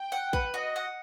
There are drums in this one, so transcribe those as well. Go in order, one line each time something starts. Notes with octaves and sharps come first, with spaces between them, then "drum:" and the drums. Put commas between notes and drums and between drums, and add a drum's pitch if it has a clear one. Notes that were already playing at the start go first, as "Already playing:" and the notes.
Already playing: G5
F#5
B4, drum: kick
F#4 D#5
F#5